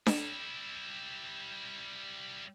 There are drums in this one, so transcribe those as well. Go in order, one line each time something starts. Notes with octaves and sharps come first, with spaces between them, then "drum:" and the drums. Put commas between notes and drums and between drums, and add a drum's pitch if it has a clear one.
G3 E4, drum: snare D4